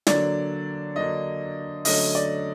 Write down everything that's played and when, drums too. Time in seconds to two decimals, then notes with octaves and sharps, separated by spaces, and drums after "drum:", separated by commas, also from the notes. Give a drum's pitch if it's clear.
0.07 D3 F#3 A#3 D4 D5, drum: snare
0.95 D3 F#3 A#3 D4 D#5
1.85 D3 F#3 A3 C#4 D#5, drum: open hi-hat
2.15 D5